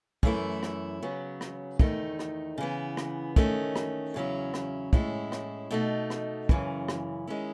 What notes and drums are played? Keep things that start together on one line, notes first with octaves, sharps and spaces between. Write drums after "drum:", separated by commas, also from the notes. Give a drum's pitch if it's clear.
F#2 E3 A3 E4, drum: kick
drum: rim click
C#3 F#3 B3
drum: rim click
E2 D#3 A3 D#4, drum: kick
drum: rim click
C#3 E3 B3
drum: rim click
D#3 A3 C#4, drum: kick
drum: rim click
E2 C#3 F#3 C#4 E4
drum: rim click
A2 G#3 C#4 E4, drum: kick
drum: rim click
B2 A3 D#4
drum: rim click
F#2 C#3 E3, drum: kick
drum: rim click
D#3 G#3 C#4 E4